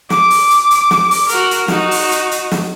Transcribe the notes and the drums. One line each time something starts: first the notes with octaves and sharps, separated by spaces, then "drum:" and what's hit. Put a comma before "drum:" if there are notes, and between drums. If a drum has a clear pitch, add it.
D6, drum: snare
drum: open hi-hat
drum: hi-hat
drum: hi-hat
drum: snare
drum: open hi-hat
F#4 A#4, drum: hi-hat
drum: hi-hat
D#4 F#4, drum: snare
drum: open hi-hat
drum: hi-hat
drum: hi-hat
drum: snare